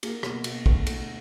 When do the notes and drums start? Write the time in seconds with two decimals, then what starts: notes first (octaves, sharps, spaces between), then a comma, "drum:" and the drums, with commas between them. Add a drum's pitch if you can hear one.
0.03 A#3 G#4, drum: cymbal
0.23 B2, drum: rim click
0.44 B2, drum: cymbal
0.66 D2, drum: kick
0.86 D2, drum: cymbal